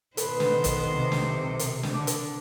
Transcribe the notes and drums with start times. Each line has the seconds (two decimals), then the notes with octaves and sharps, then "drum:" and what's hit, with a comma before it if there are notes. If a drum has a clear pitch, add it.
0.17 B2 D#3 A4 B4 C5, drum: hi-hat
0.40 drum: snare
0.64 drum: kick, hi-hat
0.88 B1 C3
1.12 drum: snare
1.59 drum: hi-hat
1.83 drum: snare
1.94 D3 A5 D6
2.07 drum: hi-hat